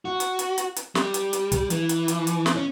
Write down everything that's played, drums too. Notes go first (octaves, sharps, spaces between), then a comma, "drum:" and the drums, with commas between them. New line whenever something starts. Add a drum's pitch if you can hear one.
F#4
drum: hi-hat
drum: hi-hat
drum: hi-hat
drum: hi-hat
G3, drum: snare
drum: hi-hat
drum: hi-hat
drum: kick, hi-hat
E3, drum: hi-hat
drum: hi-hat
drum: hi-hat
drum: hi-hat
drum: snare
C#4